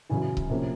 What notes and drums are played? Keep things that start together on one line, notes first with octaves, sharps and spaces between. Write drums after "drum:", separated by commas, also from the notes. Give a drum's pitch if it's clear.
F#2 C#3 E3 G#5
drum: kick C#1
C3 F3 A#3 C#4